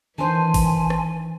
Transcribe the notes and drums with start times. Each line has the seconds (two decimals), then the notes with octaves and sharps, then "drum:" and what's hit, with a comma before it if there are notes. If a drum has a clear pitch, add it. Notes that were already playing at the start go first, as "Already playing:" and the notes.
0.18 D#3 E3 D4 C5 G#5 A5 C6
0.54 drum: kick G#1, open hi-hat
0.90 drum: rim click